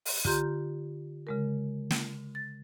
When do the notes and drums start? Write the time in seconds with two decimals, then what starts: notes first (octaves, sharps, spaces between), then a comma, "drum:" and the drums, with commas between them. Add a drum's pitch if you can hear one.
0.06 drum: open hi-hat
0.25 D3 F4 G4 A#5 C6 G6, drum: kick
1.27 C#3 G#3 A#4
1.90 drum: snare
2.35 A6